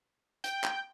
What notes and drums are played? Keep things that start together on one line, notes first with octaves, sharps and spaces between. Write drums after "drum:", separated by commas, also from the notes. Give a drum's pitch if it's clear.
G5, drum: hi-hat
drum: clap